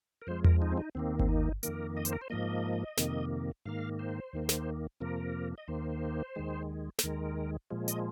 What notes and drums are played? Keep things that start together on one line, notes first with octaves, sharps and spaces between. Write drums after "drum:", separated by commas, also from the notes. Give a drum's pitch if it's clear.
A#4
F2 F3 G#3 C5
A#4, drum: tom E2
D#4
C4
D#4
D#2 D#3 A#3 C4
C4, drum: kick G1
D#4
F2 D#3 A#3 A#4, drum: hi-hat
D#5
C5, drum: hi-hat
A#4
C5
G#2 F3 A#3 D#5
F2 C3 D#3 A#3, drum: snare
G#2 D#3 A#3 F5
C5
D#2 D#3 A#3
drum: snare
F2 C3 F3 A#3 A#4
D#5
D#2 D#3 A#3 C5
D#2 D#3 G#3
C5, drum: snare
D#2 D#3 G#3 A#4
A#2 F3 G#3
D#5, drum: hi-hat